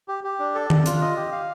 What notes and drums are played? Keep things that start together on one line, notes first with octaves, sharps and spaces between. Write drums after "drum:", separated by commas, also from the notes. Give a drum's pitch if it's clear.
G4
G4
D4
A4
D4, drum: tom D#3
F4, drum: hi-hat
D#5
G4
F5